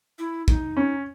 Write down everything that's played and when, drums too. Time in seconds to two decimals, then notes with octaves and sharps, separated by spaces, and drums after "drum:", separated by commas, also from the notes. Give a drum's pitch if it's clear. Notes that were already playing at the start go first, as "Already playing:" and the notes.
0.19 E4
0.48 D#4, drum: kick
0.77 C#4